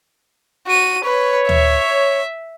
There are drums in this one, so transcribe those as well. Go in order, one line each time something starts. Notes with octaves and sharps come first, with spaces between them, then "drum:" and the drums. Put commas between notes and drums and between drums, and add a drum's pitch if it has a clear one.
F#4 D#7
B4 C#5
E5, drum: tom D2